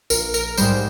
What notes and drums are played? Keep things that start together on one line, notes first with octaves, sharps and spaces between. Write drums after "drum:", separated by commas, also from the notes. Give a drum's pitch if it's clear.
A#1 A#4, drum: tambourine
A#4, drum: tambourine
G#2 G3 C5, drum: tambourine